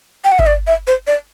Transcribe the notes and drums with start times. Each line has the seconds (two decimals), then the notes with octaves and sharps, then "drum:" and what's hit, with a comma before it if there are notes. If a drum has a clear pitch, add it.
0.24 G5
0.32 F#5
0.39 E5, drum: kick G1
0.47 D5
0.67 E5
0.87 C5
1.07 D5